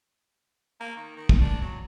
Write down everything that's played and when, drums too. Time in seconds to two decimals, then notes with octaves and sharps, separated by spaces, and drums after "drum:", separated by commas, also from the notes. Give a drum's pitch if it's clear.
0.80 A#3
0.96 D#3
1.17 D#3
1.29 drum: kick
1.41 D4
1.61 F#3